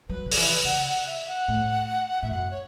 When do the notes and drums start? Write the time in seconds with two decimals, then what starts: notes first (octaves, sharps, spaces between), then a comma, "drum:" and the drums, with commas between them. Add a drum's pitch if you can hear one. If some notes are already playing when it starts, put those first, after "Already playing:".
0.09 F#3 B4
0.26 C#3
0.32 A4, drum: open hi-hat
0.37 E3 B4
0.64 C#3 F#5
0.85 F#5
1.07 E5
1.28 F#5
1.48 A2
2.22 A2 E5
2.31 F#2 F#5
2.51 C#5